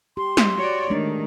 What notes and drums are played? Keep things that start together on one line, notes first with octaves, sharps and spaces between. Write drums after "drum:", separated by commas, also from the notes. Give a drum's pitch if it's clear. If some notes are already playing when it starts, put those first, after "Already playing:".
G4 C6
drum: snare
F#4 C#5 D5
D#3 G#3 A3 D4